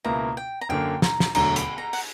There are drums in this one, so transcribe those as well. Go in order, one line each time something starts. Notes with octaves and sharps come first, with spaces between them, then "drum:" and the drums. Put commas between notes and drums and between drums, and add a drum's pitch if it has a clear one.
C#2 B2 A#3 E4 A#5
G5
A#5
F#2 D3 A#3 G5
A#5, drum: snare
drum: snare
E1 D2 D3 F#3 A#5, drum: cymbal
B5, drum: hi-hat
A#5
F#5, drum: open hi-hat